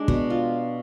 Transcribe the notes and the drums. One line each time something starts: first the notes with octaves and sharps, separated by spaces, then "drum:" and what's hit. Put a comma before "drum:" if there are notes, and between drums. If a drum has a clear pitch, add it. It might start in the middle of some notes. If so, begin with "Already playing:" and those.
Already playing: G#3 D4
B2, drum: kick
F4